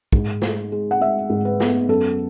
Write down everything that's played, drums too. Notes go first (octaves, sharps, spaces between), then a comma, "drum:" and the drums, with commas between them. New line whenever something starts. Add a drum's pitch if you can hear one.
G#2, drum: kick
G#3, drum: snare
G#3
F#5
G#3 E5
G#2
B4
B3, drum: snare
F#2 A4